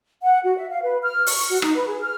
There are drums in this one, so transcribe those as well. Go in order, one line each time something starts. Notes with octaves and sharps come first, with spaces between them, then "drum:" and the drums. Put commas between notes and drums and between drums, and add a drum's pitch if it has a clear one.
F#5
F#4
E5
F5
B4
F6
C#6, drum: open hi-hat
F#4
D#4, drum: rim click
B4
G#4
F6